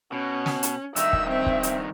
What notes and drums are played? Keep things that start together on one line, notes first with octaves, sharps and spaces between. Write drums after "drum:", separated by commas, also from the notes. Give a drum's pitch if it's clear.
B2 C#4
drum: snare
drum: hi-hat
G2 D#3 D#4 E5 E6, drum: hi-hat
drum: kick
C4 E5
drum: kick
drum: hi-hat